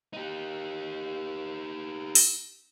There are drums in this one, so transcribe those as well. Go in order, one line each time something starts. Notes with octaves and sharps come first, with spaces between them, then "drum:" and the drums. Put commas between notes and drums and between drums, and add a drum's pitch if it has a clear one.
D#4 G4
drum: open hi-hat